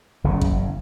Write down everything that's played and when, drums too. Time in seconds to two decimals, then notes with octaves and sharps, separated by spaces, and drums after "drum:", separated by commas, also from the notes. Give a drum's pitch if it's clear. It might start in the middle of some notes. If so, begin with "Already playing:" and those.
0.24 F#1 E2 C#3
0.41 drum: kick A1